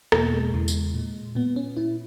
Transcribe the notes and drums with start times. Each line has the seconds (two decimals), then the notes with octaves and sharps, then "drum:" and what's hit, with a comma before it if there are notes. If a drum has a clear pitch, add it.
0.12 E2 B2 A#3, drum: rim click
0.33 G#3
0.53 E2 C#3 E3
0.68 drum: tambourine
0.94 A#2
1.35 A#2 B3
1.56 C#4
1.77 A#2 E4